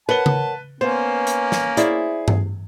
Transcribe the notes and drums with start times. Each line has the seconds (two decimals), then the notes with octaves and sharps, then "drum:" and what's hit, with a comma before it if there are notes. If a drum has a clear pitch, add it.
0.09 A#4 B4 C#5 F#5 A5 G7
0.26 drum: tom C#3
0.81 A#3 B3 C#4 C5
1.27 drum: hi-hat
1.52 drum: snare
1.77 E4 G#4 C5 D5, drum: hi-hat
2.28 drum: tom G2